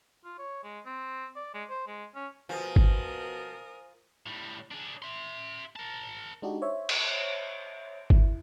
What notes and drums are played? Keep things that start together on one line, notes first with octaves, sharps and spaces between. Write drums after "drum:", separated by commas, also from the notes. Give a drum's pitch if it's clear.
F4
C#5
G#3
C4
D5
G#3
C5
G#3
C#4
B2 F3 A#4 C5 G#5 D#6
drum: kick G1
A2 G3
D4 G#4
E5 C6
A#4 A5
G#3 D4 D#4 F#4 G4
C5 C#5 E5
drum: cymbal
E4, drum: kick G1